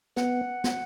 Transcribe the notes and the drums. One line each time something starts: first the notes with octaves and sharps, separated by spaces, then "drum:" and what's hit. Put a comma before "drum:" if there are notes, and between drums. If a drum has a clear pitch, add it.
B3 F#5, drum: snare
drum: snare